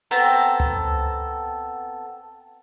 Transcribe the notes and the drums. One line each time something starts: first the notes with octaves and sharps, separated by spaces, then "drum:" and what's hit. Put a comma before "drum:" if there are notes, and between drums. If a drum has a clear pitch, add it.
B3 C4 A4 A#5
drum: tom C#2